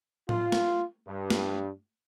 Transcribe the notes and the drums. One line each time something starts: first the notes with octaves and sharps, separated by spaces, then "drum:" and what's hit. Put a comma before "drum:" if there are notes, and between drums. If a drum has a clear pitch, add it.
F4, drum: tom A2
drum: snare
G2
drum: snare